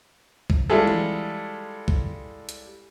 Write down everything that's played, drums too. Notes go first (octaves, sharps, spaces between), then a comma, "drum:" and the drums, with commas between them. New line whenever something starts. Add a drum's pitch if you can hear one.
drum: kick C2
G3 G#3 E4 F4 G#4 A4
drum: tom E3
drum: kick C2
drum: hi-hat